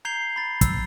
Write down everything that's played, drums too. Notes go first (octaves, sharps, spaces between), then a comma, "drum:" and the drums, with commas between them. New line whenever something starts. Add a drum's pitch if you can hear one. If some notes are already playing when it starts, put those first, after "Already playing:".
A#5 G6 G#6 C7 F7 G7
B5 A6
E6, drum: kick, hi-hat